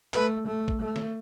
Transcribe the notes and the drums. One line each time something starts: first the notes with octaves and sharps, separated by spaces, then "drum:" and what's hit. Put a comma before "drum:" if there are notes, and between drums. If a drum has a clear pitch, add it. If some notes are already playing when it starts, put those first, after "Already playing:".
A3 B4, drum: clap
A3
drum: kick
A3
drum: snare